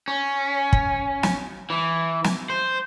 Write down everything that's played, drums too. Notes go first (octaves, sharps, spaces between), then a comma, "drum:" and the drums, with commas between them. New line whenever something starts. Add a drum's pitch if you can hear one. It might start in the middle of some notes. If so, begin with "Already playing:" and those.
C#4
drum: kick
drum: snare
E3
drum: snare
C5